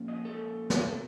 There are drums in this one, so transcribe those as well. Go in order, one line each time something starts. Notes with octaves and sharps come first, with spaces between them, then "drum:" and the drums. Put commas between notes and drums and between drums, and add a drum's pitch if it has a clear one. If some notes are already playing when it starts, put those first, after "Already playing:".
Already playing: A#2 F3 A#3 C#4 F4
D#5
A4
drum: snare
A4
B2